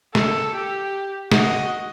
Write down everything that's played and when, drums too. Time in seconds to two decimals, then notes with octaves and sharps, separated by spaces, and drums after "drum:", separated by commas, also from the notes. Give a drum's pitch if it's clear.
0.15 A4, drum: snare
0.56 G4
1.31 F#4 D#5, drum: snare